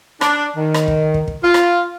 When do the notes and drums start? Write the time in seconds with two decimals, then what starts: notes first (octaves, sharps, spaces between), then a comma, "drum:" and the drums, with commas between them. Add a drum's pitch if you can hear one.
0.21 D4, drum: rim click
0.57 D#3
0.74 drum: rim click
0.88 drum: kick
1.14 drum: kick
1.28 drum: kick
1.44 F4
1.54 drum: rim click